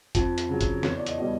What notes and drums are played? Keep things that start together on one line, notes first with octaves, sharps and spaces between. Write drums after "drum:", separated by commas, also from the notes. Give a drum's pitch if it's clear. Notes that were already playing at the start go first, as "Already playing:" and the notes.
F2, drum: kick, hi-hat
drum: hi-hat
C#3 F#3
drum: kick, hi-hat
E2 C#5, drum: snare
D5
D#5, drum: hi-hat
B2 G3 D#5